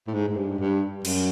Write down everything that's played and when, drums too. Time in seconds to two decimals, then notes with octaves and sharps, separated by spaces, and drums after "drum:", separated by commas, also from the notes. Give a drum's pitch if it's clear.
0.07 A2
0.14 G#2
0.28 G#2
0.36 G2
0.60 G2
1.05 F#2, drum: cymbal